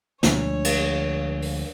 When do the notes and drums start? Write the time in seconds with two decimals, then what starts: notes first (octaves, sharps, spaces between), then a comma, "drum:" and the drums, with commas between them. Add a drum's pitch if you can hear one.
0.23 D2 F3 G#3 D4 C#5, drum: snare
0.65 drum: cymbal
1.42 drum: open hi-hat